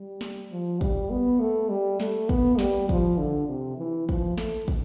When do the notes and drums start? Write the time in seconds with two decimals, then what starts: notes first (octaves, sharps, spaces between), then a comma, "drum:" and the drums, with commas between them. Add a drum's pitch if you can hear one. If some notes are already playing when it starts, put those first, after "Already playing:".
Already playing: G3
0.21 drum: snare
0.51 F3
0.81 G3, drum: kick
1.10 B3
1.40 A3
1.69 G3
2.00 A3, drum: snare
2.29 B3, drum: kick
2.59 G3, drum: snare
2.89 F3, drum: kick
3.18 D3
3.49 C3
3.78 E3
4.09 F3, drum: kick
4.38 A3, drum: snare
4.68 drum: kick